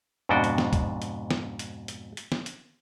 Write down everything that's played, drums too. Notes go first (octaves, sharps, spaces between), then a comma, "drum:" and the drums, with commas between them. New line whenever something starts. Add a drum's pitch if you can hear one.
F2 G#2 B2 D4 F#4 G5
drum: hi-hat
drum: snare
drum: kick, hi-hat
drum: hi-hat
drum: snare
drum: hi-hat
drum: hi-hat
drum: hi-hat
drum: snare
drum: hi-hat